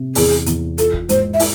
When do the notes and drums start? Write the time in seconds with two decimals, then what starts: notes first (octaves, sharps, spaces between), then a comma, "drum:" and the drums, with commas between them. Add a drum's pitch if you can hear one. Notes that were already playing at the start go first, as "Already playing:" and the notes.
Already playing: C3
0.15 E2 G#4, drum: open hi-hat
0.46 E2, drum: hi-hat
0.78 F4 A4, drum: hi-hat
0.93 drum: kick
1.09 G#2 C5, drum: hi-hat
1.34 E5
1.40 E4, drum: open hi-hat